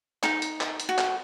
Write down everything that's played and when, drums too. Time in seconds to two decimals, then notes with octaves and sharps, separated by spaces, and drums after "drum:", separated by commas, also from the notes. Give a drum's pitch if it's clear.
0.23 D#4, drum: clap
0.42 drum: hi-hat
0.61 drum: clap
0.80 drum: hi-hat
0.89 F#4
0.98 drum: clap